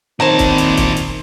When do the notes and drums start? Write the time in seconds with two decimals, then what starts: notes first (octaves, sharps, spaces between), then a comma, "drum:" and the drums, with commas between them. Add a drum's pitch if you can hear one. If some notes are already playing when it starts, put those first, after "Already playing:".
0.20 A#2 D#3 C4 C5 C#5 A5 A#5
0.39 drum: kick, hi-hat
0.58 drum: hi-hat
0.77 drum: kick, hi-hat
0.96 drum: hi-hat